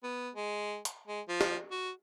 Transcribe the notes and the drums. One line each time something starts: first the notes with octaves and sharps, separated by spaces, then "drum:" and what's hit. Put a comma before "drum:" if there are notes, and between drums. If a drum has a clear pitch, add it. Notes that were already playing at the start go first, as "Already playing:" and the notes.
B3
G#3
drum: hi-hat
G#3
F3
drum: snare
F#4